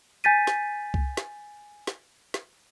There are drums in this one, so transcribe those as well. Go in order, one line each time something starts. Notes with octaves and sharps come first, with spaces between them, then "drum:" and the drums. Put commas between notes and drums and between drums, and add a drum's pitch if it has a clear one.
G#5 G6 A6 B6 D#7
drum: snare
drum: kick C2
drum: snare
drum: snare
drum: snare